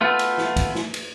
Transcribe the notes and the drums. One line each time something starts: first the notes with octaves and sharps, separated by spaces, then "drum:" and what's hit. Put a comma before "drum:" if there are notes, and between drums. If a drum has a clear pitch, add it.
A3 B3 F4
drum: cymbal
drum: snare
drum: kick, cymbal
drum: snare
drum: cymbal